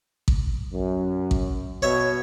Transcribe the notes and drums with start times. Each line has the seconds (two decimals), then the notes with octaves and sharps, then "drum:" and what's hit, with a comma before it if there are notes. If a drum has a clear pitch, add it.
0.28 drum: kick A1
0.72 F#2
1.31 drum: kick A1
1.82 B2 C#5 E5